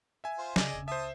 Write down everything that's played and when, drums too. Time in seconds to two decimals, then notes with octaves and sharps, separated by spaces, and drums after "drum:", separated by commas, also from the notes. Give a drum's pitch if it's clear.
0.24 E5 G#5
0.38 F4 C5
0.56 C#3 G#4 D5 D#5, drum: snare
0.73 E1 C#3
0.88 C#2 C5 E5 A5 D#6